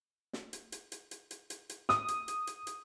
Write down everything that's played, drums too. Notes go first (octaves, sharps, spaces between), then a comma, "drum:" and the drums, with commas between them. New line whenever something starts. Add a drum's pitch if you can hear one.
drum: snare
drum: hi-hat
drum: hi-hat
drum: hi-hat
drum: hi-hat
drum: hi-hat
drum: hi-hat
drum: hi-hat
D#6, drum: snare
drum: hi-hat
drum: hi-hat
drum: hi-hat
drum: hi-hat